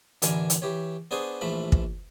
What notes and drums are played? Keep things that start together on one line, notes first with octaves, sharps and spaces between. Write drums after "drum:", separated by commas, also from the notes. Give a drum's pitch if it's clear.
A1 D3 E3 A#4 G#5, drum: hi-hat
drum: hi-hat
E3 G4 C#5
B3 D4 G#4 C5 C#6 D#6
A#1 E3 F3 A3 B5
drum: kick